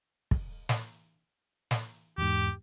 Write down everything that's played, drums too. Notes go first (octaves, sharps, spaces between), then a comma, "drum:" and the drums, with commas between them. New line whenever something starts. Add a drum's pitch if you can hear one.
drum: kick
drum: snare
drum: snare
E2 G#2 G4